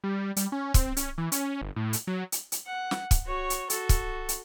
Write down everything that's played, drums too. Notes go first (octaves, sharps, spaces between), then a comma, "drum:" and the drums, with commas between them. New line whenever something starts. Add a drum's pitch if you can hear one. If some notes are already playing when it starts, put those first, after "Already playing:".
G3
G3, drum: hi-hat
C#4
C4, drum: kick, hi-hat
C#4, drum: hi-hat
E3
C#4, drum: hi-hat
G1
A2
drum: hi-hat
F#3
drum: hi-hat
drum: hi-hat
F#5
drum: snare
drum: kick, hi-hat
F#4 C#5
drum: hi-hat
F#4 A4, drum: hi-hat
drum: kick, hi-hat
drum: hi-hat